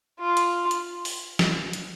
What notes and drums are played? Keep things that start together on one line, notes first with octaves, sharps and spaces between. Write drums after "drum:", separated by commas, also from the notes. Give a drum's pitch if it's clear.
F4
drum: hi-hat
drum: hi-hat
drum: open hi-hat
drum: snare
drum: hi-hat